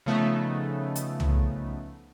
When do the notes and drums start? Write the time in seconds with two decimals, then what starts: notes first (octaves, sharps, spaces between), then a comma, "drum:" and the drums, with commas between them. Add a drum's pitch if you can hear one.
0.06 C#3 F3 A3 B3 D#4
0.96 drum: hi-hat
1.20 drum: tom